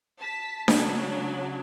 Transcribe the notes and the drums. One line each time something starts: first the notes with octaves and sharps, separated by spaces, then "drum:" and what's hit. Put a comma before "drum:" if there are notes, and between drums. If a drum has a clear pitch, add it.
A5 B6
C#3 F#3 D4, drum: snare D4